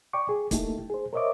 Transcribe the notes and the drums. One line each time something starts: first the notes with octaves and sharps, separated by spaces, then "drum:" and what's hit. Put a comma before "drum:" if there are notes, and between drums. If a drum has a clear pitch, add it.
D5 G5 C#6 D6
G#4
A3 A#3 D#4 E4 G4 A4, drum: kick, hi-hat
G#4 C5
A#4 C5 C#5 D#5 E5 D6